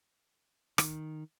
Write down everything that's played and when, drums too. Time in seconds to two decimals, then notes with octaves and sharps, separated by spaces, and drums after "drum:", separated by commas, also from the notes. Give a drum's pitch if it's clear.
0.78 D#3, drum: rim click